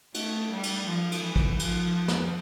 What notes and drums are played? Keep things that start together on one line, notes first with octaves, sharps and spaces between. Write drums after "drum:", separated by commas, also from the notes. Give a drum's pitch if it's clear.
A3, drum: cymbal
G3
drum: cymbal
F3
drum: cymbal
E3
drum: kick
F3, drum: cymbal
drum: snare